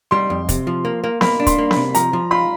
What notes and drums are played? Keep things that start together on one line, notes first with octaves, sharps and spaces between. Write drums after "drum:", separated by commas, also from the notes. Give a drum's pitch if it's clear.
G3 C6
F2
C3, drum: kick, hi-hat
F3
A#3
A#3
A#3 B5, drum: snare B3
D4
C6, drum: kick, hi-hat
A#3
B5, drum: snare B3
C3
F3 A#5, drum: hi-hat
F3
F4 B5